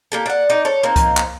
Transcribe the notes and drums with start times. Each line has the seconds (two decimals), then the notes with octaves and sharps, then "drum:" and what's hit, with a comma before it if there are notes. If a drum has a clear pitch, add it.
0.12 A#3 G4 A4
0.26 D5 F#5
0.50 D#4 D5
0.65 A4 C#5
0.83 A#3 C4 D#4
0.96 drum: kick C2, hi-hat
1.17 drum: clap